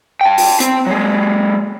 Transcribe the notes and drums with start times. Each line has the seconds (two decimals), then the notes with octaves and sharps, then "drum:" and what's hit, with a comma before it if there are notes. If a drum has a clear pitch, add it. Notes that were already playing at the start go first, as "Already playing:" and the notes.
0.21 G5 A5
0.38 drum: open hi-hat
0.60 C4, drum: hi-hat
0.86 F#3 G#3